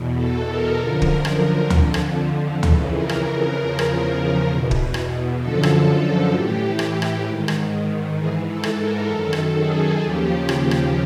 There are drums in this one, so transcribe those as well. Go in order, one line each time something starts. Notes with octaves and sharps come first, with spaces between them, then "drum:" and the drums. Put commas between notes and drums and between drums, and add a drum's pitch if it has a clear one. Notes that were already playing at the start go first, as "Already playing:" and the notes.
Already playing: E2 B2
A4
A#4
F#2 D3 F3
drum: kick
drum: rim click
F2 D3 F3, drum: tom D2
drum: rim click
F2 C#3 E3 A4, drum: tom D2
A#4
drum: rim click
A#4
E2 C#3 F3
drum: rim click
E2 B2
drum: kick
drum: rim click
F#2 D3 F3 A4
drum: rim click
A2 E3 G4
drum: rim click
drum: rim click
G#2 D#3
drum: rim click
G#2 E3 G#4
A4
drum: rim click
A#4
F#2 D#3 A4
drum: rim click
G#4
D#2 C#3 F3 G4
G4, drum: rim click
drum: rim click